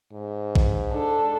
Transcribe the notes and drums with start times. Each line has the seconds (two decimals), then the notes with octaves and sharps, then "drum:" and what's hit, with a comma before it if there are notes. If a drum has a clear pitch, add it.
0.13 G#2
0.55 drum: kick A#1
0.93 D4 A4